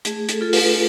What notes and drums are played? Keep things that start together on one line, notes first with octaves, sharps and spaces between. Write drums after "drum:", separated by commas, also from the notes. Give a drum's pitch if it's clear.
A3 G#4, drum: hi-hat
A4, drum: hi-hat
F4 A4
B4, drum: open hi-hat